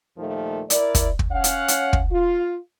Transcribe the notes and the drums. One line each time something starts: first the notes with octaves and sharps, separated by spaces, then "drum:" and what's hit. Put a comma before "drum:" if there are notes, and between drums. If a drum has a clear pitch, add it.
D#2 A#2 D#3 F3 A3
E4 A#4 D5, drum: hi-hat
drum: kick, hi-hat
drum: kick
C#4 C#5 F5 F#5
drum: hi-hat
drum: hi-hat
drum: kick
F4